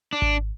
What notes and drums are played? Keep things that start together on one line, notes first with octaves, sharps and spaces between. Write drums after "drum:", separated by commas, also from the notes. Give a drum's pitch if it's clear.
D4
drum: kick G#1